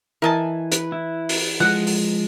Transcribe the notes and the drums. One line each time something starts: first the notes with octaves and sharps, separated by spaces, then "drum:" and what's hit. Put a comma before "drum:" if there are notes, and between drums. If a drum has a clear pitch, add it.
E3 A#4 D#5 G#5 A5
B4, drum: hi-hat
E4
drum: open hi-hat
F3 G#3 D#5 F#5
drum: open hi-hat